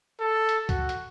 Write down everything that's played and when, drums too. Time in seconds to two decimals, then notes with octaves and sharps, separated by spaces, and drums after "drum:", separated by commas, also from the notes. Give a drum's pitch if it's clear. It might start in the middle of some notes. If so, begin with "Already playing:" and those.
0.21 A4
0.49 drum: hi-hat
0.69 F#4, drum: kick D2, hi-hat
0.89 drum: hi-hat